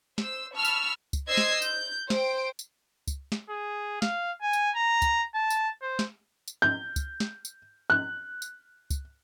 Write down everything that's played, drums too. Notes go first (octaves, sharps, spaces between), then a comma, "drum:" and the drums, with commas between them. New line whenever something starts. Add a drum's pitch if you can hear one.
C5 E6, drum: snare
A5 B5 C#6 E6 F6
drum: tambourine
drum: kick, tambourine
C5 D#5 E6 G#6 C7
drum: snare
G6, drum: tambourine
C5 G5 D7, drum: snare
drum: tambourine
drum: kick, tambourine
drum: snare
G#4
F5, drum: snare
G#5
drum: tambourine
A#5
drum: kick, tambourine
A5
drum: tambourine
C5
drum: snare
drum: tambourine
G6
drum: kick, tambourine
drum: snare
drum: tambourine
F#6
drum: tambourine
drum: kick, tambourine